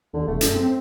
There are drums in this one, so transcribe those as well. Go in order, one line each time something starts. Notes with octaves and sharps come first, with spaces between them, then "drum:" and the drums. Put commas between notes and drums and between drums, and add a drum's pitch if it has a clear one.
D#2 D3
E1 A3
F#2, drum: hi-hat
C4